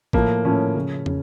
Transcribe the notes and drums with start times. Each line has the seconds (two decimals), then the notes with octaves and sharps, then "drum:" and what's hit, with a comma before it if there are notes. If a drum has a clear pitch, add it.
0.13 A2 F3 A#3, drum: kick A1
0.45 A2 F3 C#4
0.75 C#3 F3
1.06 C#3, drum: tom